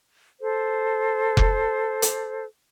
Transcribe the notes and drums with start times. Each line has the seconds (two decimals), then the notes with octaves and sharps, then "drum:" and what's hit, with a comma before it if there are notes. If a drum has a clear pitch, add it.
0.40 A4 C5
1.37 drum: kick F1
2.02 drum: hi-hat